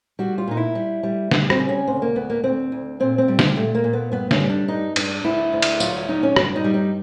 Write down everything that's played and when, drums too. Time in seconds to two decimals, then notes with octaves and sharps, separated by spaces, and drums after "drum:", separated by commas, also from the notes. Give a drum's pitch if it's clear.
0.19 G3 F#4
0.38 F4
0.47 A#2 D#4
0.57 E4
0.75 G3
1.03 G3
1.31 G3 B3, drum: snare
1.50 C4, drum: rim click
1.59 C#3
1.69 C#4
1.87 D2 C4
2.02 A#3
2.16 D2 B3
2.30 A#3
2.44 D2 C4
2.72 D2
3.00 A#2 C4
3.18 C4
3.28 G3
3.39 drum: snare
3.56 A#2 A3
3.75 A#3
3.84 A#2
3.93 B3
4.12 G2 B3
4.31 C#4, drum: snare
4.40 G3
4.49 D4
4.68 G2 D#4
4.96 G2 D4, drum: cymbal
5.24 D2 E4
5.53 D2
5.62 drum: cymbal
5.80 F#3 F4, drum: tambourine
5.95 E4
6.08 F#3 D#4
6.23 C#4
6.36 G2 D4, drum: rim click
6.56 D#4
6.64 G3
6.74 D#4